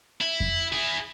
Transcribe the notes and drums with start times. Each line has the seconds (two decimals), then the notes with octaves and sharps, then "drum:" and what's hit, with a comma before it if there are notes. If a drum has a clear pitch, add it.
0.21 E4
0.40 drum: kick F2
0.73 E4 G#4